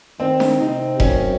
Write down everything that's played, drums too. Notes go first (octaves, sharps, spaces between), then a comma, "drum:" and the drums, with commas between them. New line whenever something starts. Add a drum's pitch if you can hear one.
D#3 C4
drum: snare D4
C3 D#4
F#2 C#4, drum: kick F1